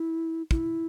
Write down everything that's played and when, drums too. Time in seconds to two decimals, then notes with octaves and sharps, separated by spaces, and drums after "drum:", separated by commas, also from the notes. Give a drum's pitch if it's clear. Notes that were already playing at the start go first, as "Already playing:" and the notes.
Already playing: E4
0.51 E4, drum: kick